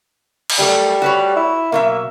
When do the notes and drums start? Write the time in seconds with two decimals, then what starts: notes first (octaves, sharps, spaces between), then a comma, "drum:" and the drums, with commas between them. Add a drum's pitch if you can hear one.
0.50 drum: cymbal
0.59 F#3 G3 A3 A#4
1.02 F#4 B4 C#5
1.36 E4
1.72 B2 F#3 A#3 E5